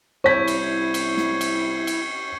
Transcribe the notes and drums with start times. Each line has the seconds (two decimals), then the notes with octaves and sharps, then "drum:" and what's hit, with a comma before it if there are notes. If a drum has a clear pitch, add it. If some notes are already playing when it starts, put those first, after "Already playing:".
0.24 C2 E4 C#5 C#6 G6 G#6 B6
0.48 drum: cymbal
0.94 drum: cymbal
1.17 drum: snare
1.41 drum: cymbal
1.87 drum: cymbal